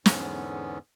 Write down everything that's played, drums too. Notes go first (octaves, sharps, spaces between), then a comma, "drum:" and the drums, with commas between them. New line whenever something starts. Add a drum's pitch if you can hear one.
E2 G#2 D3 B3 C#4, drum: snare